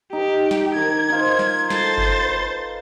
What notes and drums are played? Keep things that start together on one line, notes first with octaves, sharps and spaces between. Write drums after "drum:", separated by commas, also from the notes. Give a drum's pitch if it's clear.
D#4 G4
drum: snare
D#3 A#5 D6 G#6
D#4 F4 C5
drum: snare
A4 C5 A6, drum: snare
drum: kick G1
B4